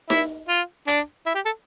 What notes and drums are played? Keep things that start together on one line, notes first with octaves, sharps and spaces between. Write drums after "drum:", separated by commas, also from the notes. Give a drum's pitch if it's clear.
E4, drum: snare D#4
F4
D4, drum: hi-hat
E4
G4
A4